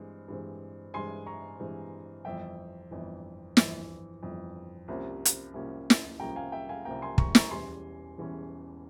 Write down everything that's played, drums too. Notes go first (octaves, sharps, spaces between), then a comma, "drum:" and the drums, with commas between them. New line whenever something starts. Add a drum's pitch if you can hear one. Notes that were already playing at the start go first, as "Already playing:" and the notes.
Already playing: G2 E3 G#3 C4
G2 E3 G#3 C4
G2 E3 G#3 C4 G#5 C6
A#5 C#6
G2 E3 G#3 C4
G1 F2 E3 E5 G5
G1 F2 E3
G1 F2 E3, drum: snare
G1 F2 E3
C2 C3 F3 A#3 C#4
drum: hi-hat
C2 C3 F3 A#3 C#4
drum: snare
C2 C3 F3 A#3 C#4 G5 A#5
F5 G#5
E5 G5
F5 G#5
C2 C3 F3 A#3 C#4 G5 A#5
G#5 C6
A#5 C#6, drum: kick
A#5 C#6, drum: snare
E1 E2 E3 G3 C#4 G#5 C6
E1 E2 E3 G3 C#4